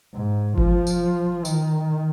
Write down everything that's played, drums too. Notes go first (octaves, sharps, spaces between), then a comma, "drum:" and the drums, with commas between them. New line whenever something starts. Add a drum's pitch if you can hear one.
G#2
F3, drum: kick G1
drum: tambourine
D#3, drum: tambourine